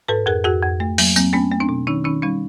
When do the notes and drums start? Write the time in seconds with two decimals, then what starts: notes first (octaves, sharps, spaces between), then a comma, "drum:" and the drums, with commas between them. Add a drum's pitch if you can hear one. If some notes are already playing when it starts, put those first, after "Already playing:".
0.08 G#2 A4 B4
0.26 F2 G#4 A#4
0.44 F2 F#4 G#4
0.63 F2
0.80 A3
0.98 F#3 A#3, drum: open hi-hat
1.16 F#3 A#3 C4, drum: tambourine
1.33 A3 B3 C#4
1.51 A3
1.60 C4 D4
1.69 B2
1.87 D#3 C#4 D#4
2.04 D#3 C#4 D#4
2.22 G3 C#4 D#4